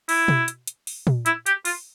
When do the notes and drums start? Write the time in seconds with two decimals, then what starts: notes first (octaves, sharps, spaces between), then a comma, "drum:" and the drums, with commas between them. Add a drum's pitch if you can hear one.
0.09 E4, drum: open hi-hat
0.28 drum: tom B2
0.48 drum: hi-hat
0.68 drum: hi-hat
0.87 drum: open hi-hat
1.07 drum: tom A#2
1.26 E4, drum: hi-hat
1.46 G4, drum: hi-hat
1.65 F4, drum: open hi-hat